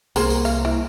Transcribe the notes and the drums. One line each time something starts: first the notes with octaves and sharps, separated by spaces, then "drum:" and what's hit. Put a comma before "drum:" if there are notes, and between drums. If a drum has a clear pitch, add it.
C2 A#3 G#4 A#4 C5, drum: tambourine
drum: tambourine
F5, drum: tambourine
E4